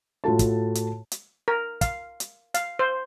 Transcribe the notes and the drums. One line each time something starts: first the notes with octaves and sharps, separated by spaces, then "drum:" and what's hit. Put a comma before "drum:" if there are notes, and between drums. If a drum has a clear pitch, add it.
A2 F4 F#4 A4 A5
drum: kick, hi-hat
drum: hi-hat
drum: hi-hat
A#4
F5, drum: kick, hi-hat
drum: hi-hat
F5, drum: hi-hat
C5